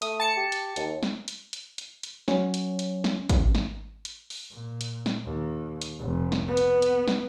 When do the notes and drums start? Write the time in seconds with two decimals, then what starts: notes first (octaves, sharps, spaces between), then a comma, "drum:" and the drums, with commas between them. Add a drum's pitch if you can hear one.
0.02 A3 D#6, drum: hi-hat
0.20 A5 C#7
0.37 G4
0.52 drum: hi-hat
0.76 D#2, drum: hi-hat
1.03 drum: snare
1.28 drum: hi-hat
1.53 drum: hi-hat
1.78 drum: hi-hat
2.03 drum: hi-hat
2.28 F#3 C#4, drum: snare
2.54 drum: hi-hat
2.79 drum: hi-hat
3.04 drum: snare
3.29 drum: kick, hi-hat
3.55 drum: snare
4.05 drum: hi-hat
4.30 drum: open hi-hat
4.51 A#2
4.81 drum: hi-hat
5.06 drum: snare
5.25 D#2
5.82 drum: hi-hat
5.99 F1
6.32 drum: snare
6.48 B3
6.57 drum: hi-hat
6.82 drum: hi-hat
7.08 drum: snare